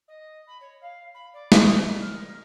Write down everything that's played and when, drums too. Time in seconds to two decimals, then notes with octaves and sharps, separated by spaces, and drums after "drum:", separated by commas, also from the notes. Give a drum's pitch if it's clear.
0.08 D#5
0.47 B5
0.60 C#5
0.81 F5
1.14 B5
1.33 D5
1.52 drum: snare
2.00 F6
2.13 A#4